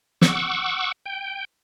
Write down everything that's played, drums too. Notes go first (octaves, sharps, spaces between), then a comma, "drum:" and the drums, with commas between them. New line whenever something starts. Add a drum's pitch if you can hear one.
F#5 C#6 D6 E6, drum: snare
G5